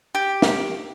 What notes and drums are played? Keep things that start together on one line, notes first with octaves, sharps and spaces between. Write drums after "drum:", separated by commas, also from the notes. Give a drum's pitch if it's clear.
G4
drum: snare